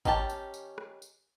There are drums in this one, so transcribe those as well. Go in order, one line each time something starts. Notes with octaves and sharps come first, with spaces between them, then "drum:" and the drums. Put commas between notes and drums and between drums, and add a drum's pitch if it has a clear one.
D#3 C#4 D4 G4 A5, drum: kick G#1, tambourine
drum: tambourine
drum: tambourine
drum: rim click
drum: tambourine